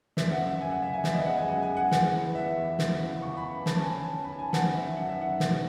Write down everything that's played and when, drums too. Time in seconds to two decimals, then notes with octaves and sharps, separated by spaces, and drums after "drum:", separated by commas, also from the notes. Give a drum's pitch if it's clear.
0.17 F#2 E5, drum: snare
0.31 F#5
0.39 C#3
0.46 E5
0.61 F#2 G#5
0.71 F#5
0.82 C#3 E5
0.93 G#5
1.04 B3 E5, drum: snare
1.15 D#5
1.26 G#3 F#5
1.37 G#5
1.48 F#2 F#5
1.62 G#5
1.69 G#3
1.77 F#5
1.91 E3 F#5, drum: snare
2.13 B3
2.35 B3 E5
2.57 E2
2.79 E3, drum: snare
3.01 C#3
3.22 C#3 C#6
3.37 B5
3.44 B3
3.51 B5
3.66 C#4 A5, drum: snare
3.80 G#5
3.87 C#4
3.95 A5
4.09 D#3
4.24 B5
4.31 D#3 A5
4.39 G#5
4.53 C#4 F#5, drum: snare
4.75 C#4 E5
4.97 F#2 F#5
5.09 E5
5.18 D#3 F#5
5.40 B2, drum: snare